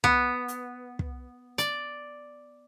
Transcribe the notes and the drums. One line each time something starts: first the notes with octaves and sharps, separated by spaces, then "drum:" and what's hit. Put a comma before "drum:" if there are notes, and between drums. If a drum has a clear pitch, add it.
B3, drum: kick
drum: hi-hat
drum: kick
D5, drum: hi-hat